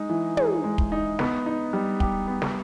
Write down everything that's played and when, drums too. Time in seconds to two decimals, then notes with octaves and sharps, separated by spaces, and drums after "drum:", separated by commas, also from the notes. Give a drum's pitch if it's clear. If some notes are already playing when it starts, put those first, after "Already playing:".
Already playing: G#3 D#4
0.09 E3
0.37 G#4, drum: tom
0.64 G#3
0.78 drum: kick
0.92 D#4
1.19 B3, drum: snare
1.46 D#4
1.73 G3
2.00 G4, drum: kick
2.28 B3
2.42 drum: snare